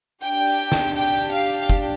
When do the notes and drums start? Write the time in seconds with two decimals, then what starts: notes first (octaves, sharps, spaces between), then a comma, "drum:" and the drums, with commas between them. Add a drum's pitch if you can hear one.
0.22 D4 G4 G5, drum: tambourine
0.47 drum: tambourine
0.72 drum: snare
0.96 G5, drum: tambourine
1.21 drum: tambourine
1.33 F5
1.45 drum: tambourine
1.69 drum: kick, tambourine